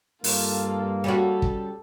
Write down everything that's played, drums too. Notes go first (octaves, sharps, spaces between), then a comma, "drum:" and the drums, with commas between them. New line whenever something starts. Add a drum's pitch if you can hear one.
G2 A#3 F4 A4, drum: open hi-hat
G3 C#4 F#4 A4
drum: kick